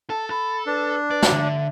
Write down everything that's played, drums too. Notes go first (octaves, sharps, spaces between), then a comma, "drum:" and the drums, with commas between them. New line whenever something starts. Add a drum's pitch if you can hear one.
A4 A5
A4 B5
D4 B4
B4 D5
drum: snare
D3 E5